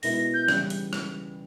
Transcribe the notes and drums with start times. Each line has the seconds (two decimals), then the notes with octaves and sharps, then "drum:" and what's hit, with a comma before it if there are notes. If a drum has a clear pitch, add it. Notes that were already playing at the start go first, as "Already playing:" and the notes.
0.03 B2 G#3 B3 E4 A#4 A#6, drum: open hi-hat
0.18 A#6
0.34 G6
0.48 C#3 E3 G3, drum: rim click
0.70 drum: hi-hat
0.93 drum: rim click